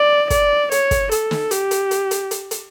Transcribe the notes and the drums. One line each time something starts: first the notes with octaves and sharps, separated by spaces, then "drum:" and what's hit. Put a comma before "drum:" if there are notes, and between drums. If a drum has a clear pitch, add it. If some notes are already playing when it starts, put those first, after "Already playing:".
Already playing: D5
D5, drum: kick, hi-hat
C#5, drum: hi-hat
drum: kick, hi-hat
A4, drum: hi-hat
drum: snare
G4, drum: hi-hat
drum: hi-hat
drum: hi-hat
drum: hi-hat
drum: hi-hat
drum: hi-hat